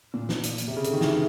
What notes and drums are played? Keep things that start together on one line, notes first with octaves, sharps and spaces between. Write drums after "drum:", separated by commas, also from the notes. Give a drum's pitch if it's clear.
A#2
drum: snare
drum: hi-hat
drum: hi-hat
C3
C#3
D3, drum: hi-hat
D#3
E3, drum: snare